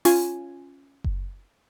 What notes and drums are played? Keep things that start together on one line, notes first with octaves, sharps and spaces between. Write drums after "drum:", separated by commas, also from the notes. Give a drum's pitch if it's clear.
C#4 F4 G#5, drum: open hi-hat
drum: kick F#1